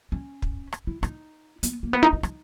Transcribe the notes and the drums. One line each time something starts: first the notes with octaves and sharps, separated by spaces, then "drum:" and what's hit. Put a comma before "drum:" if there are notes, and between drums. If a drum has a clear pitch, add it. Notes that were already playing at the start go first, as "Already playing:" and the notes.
C#4
drum: kick
drum: rim click
E4
D#4, drum: rim click
B3, drum: hi-hat
A#3
B3
D#4
D#4
D#4, drum: rim click